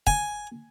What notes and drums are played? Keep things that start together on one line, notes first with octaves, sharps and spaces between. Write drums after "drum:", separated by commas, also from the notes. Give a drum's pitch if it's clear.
G#5, drum: kick